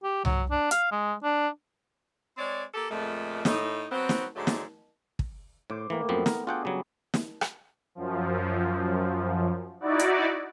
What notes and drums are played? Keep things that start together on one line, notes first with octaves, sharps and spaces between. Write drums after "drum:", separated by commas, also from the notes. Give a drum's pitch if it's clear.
G4
F#3, drum: tom C2
D4
F5, drum: hi-hat
G#3
D4
G#3 C4 C#5 D5
A#3 G4 A4
F2 A#2 G#3 A3
A2 D#4, drum: snare
F#3 B3 C4
drum: snare
G#2 D3 F#3 G#3 A3
drum: snare
drum: kick
A2 C5 D6
A2 E3 A#3 G5
F#2 F3 B3 C4
A#4, drum: snare
D4 F4 F#4 G#4 F#5 G5
C#3 F#3 G3
drum: snare
drum: rim click
F#2 F3
D#4 E4 F#4 D5
drum: hi-hat